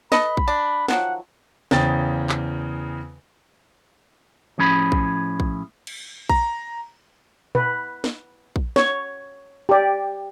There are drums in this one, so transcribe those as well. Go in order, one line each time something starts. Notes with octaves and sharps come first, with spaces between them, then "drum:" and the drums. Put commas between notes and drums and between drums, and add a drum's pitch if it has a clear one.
A4 B4 D#5 B5, drum: snare
drum: kick A#1
D4
D#3 F3 F#3 F#5, drum: snare
E2 C#3 C5 G5 A6, drum: snare
drum: clap
A2 F3 C#4 G#4 B5
drum: kick A#1
drum: kick A#1
drum: cymbal
A#5, drum: kick A#1
B4, drum: tom A#2
drum: snare
drum: kick A#1
C#5, drum: snare
G4 D5